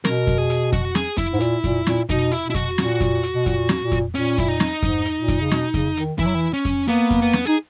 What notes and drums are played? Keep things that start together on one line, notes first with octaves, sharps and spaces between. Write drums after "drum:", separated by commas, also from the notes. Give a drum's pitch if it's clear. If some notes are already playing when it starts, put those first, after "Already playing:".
B2 A#4, drum: snare
drum: kick F2, hi-hat
G#4
drum: hi-hat
F#4, drum: kick F2, hi-hat
G#4, drum: snare
E4, drum: kick F2, hi-hat
G#2
A#2, drum: hi-hat
A#2, drum: kick F2, hi-hat
A#2, drum: snare
B2 D#4, drum: kick F2, hi-hat
E4, drum: hi-hat
B2
E4
F#4, drum: kick F2, hi-hat
A#2, drum: snare
drum: kick F2, hi-hat
drum: hi-hat
B2
A#2, drum: kick F2, hi-hat
drum: snare
A#2
drum: kick F2, hi-hat
A#2 C#4, drum: hi-hat
E4, drum: kick F2, hi-hat
D#4
drum: snare
G#2, drum: kick F2, hi-hat
drum: hi-hat
A#2
drum: kick F2, hi-hat
C#3
B2, drum: snare
C#3, drum: kick F2, hi-hat
D#3, drum: hi-hat
E3 E4, drum: kick F2
F#3
E3
C#4
drum: kick F2, hi-hat
A#3 B3, drum: hi-hat
drum: kick F2, hi-hat
B3
drum: snare
D#4 G#4